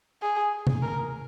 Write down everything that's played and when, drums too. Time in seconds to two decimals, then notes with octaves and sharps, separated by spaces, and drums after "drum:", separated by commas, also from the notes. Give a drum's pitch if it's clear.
0.22 G#4
0.67 drum: tom
0.82 A#4